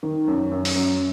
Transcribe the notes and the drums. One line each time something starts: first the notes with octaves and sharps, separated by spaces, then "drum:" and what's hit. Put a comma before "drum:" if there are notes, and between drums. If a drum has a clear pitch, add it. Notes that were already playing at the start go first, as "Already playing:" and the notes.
D#3
F#2
F#2
drum: open hi-hat
F#2